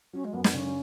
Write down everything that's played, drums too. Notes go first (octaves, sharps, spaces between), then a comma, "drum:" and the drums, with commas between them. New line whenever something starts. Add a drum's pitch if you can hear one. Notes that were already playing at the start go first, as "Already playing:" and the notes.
F#3 C#4
G#3
F#2 B3
B3, drum: snare
C#3 C#4